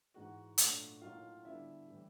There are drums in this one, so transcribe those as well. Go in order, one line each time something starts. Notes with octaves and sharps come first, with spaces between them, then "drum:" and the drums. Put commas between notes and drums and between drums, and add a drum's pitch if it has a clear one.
G#2 E3 G#3 F#4 F#5
A#2 F#3 A3 D4, drum: hi-hat
A2 F#3 A#3 D#4 F4 F5
D3 G3 B3 D4 E4 E5
A2 E3 G3